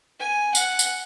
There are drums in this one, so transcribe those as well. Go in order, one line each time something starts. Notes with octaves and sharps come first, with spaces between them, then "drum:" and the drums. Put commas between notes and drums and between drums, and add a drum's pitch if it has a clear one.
G#5
F#5, drum: tambourine
drum: tambourine